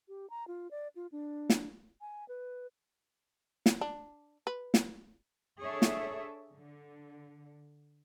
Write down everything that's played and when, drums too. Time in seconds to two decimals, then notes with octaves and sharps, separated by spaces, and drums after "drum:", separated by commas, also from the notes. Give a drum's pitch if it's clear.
0.08 G4
0.30 A#5
0.48 F4
0.71 D5
0.96 F4
1.12 D4
1.50 drum: snare
2.01 G#5
2.29 B4
3.66 drum: snare
3.81 D4
4.47 B4
4.74 drum: snare
5.60 D4 G#4 A4 C#5 E5
5.82 drum: snare
6.53 D3